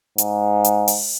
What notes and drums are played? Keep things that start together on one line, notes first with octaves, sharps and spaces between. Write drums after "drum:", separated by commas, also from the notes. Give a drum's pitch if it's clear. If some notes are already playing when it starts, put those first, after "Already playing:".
G#2, drum: hi-hat
drum: hi-hat
drum: open hi-hat